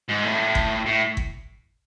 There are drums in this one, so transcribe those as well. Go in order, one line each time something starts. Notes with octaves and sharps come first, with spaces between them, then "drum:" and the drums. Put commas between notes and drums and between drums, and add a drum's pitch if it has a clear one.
G#2
A2
drum: kick G1
A2
drum: kick G1